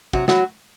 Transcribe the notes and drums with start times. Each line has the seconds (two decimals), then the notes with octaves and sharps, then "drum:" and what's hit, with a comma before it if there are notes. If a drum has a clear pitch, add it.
0.13 C3 F#3 F#4, drum: kick
0.28 E3 F#3 F#4, drum: snare